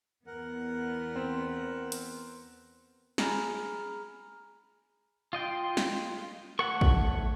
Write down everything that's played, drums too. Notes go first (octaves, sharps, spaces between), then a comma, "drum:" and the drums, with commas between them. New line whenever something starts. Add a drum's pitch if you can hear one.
E2 B3 A#4 F#5
C4
drum: hi-hat
G#4 G#5 A#5 B5 F6, drum: snare
F4 D#5 G5 C6
drum: snare
A3 C#5 F#5 C#6, drum: rim click
drum: kick